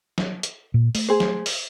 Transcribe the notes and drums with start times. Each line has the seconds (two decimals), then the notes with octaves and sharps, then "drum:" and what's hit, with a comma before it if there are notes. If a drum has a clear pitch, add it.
0.18 drum: snare F#3
0.43 drum: hi-hat
0.74 A#2
0.95 A3, drum: open hi-hat
1.08 G#4 C5
1.20 drum: snare F#3
1.46 drum: open hi-hat